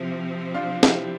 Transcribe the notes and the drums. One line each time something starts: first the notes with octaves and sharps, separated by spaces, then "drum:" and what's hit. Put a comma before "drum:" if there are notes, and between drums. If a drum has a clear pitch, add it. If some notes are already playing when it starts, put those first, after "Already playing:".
Already playing: C3 F3 C4 E4
D4 F4
E4 G4, drum: snare